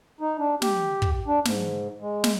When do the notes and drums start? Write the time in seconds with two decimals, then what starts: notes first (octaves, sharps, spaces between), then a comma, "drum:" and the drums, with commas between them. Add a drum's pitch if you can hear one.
0.21 D#4
0.39 D4
0.62 G4, drum: snare
1.02 drum: kick
1.27 D4
1.45 G#2, drum: snare
2.02 G#3
2.24 drum: snare